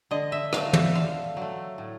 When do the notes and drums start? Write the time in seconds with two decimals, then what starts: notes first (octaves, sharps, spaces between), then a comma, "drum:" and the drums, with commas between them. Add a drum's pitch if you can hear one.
0.11 D3 D#5
0.32 E5
0.53 F#3 A3 F5, drum: rim click
0.73 E5, drum: tom
0.94 D3 F5
1.37 F#3 A3
1.78 A2